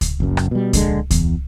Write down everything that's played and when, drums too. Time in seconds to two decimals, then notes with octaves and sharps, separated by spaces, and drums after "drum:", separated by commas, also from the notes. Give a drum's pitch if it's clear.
0.01 drum: kick C#2, hi-hat
0.20 F#1 F#2
0.37 drum: rim click
0.51 B2 G3
0.73 A#1 D3 D#3 G#3, drum: kick C#2, hi-hat
1.10 E2, drum: kick C#2, hi-hat